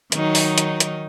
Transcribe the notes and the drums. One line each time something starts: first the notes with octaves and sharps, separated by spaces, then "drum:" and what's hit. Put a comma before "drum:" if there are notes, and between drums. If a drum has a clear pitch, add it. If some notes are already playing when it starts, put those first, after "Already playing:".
D#3 F#3 D#4, drum: hi-hat
drum: open hi-hat
drum: hi-hat
drum: hi-hat